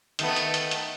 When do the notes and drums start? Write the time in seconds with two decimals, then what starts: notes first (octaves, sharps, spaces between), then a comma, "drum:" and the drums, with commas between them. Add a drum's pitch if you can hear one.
0.19 D#3 A3 B3, drum: hi-hat
0.36 drum: hi-hat
0.54 drum: hi-hat
0.71 drum: hi-hat